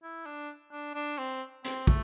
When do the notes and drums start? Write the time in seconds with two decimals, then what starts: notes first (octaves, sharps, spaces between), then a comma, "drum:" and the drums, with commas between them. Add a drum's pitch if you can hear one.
0.03 E4
0.26 D4
0.72 D4
0.95 D4
1.18 C4
1.65 C4, drum: hi-hat
1.87 A3, drum: kick